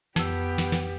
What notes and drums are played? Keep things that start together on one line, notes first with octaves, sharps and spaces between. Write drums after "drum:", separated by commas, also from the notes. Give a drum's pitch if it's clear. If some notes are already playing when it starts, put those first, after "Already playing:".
F2 B3 G4 E6, drum: snare
drum: snare
drum: snare